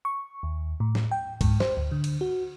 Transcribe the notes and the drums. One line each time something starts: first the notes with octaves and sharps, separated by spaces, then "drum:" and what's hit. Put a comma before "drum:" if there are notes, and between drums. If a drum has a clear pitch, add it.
C#6
D#2
A2
drum: snare
G5
G#2, drum: kick C2, cymbal
C5, drum: snare
D2
D3
drum: cymbal
F#4